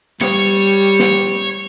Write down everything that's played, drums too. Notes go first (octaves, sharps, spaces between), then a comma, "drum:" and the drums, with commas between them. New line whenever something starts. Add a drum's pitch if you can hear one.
G3 C#5, drum: snare
drum: snare